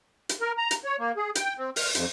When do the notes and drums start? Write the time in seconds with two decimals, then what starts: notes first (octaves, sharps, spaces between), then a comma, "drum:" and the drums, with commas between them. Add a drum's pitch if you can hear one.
0.29 drum: hi-hat
0.41 A#4
0.58 A#5
0.71 drum: hi-hat
0.85 C#5
0.99 A#3
1.17 G#4
1.35 G5, drum: hi-hat
1.58 C4
1.76 F6, drum: open hi-hat
1.95 F2, drum: hi-hat